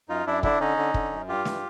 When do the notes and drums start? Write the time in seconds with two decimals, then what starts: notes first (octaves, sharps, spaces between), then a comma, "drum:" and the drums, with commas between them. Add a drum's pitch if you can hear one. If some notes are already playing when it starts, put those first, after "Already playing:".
0.09 F#2 D#4 F4
0.27 F#2 D4 E4
0.43 D3 D4 E4, drum: kick
0.60 D3 C#4 D#4
0.77 D3
0.94 D3, drum: kick
1.12 F#2
1.29 G2 F4 G4
1.45 E3, drum: snare